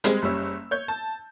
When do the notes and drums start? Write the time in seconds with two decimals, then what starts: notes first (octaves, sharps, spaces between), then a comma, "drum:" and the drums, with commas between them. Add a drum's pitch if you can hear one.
0.04 G3 G#3 C4 G#4, drum: hi-hat
0.22 F#1 G3 C#4 E6
0.71 C#5 G6
0.88 A5